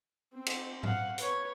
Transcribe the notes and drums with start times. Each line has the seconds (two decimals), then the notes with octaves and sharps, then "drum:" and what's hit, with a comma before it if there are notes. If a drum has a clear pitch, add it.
0.34 C4
0.46 drum: cymbal
0.83 F5 F#5, drum: tom G#2
1.18 B4 C#5, drum: hi-hat